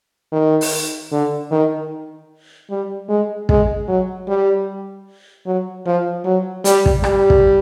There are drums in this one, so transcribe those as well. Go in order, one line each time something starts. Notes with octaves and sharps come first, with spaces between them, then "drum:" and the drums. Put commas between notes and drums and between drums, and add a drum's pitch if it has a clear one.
D#3
drum: open hi-hat
D3
D#3
G3
G#3
G#3, drum: kick
F#3
G3
F#3
F3
F#3
G3, drum: hi-hat
drum: kick
G3, drum: rim click
drum: kick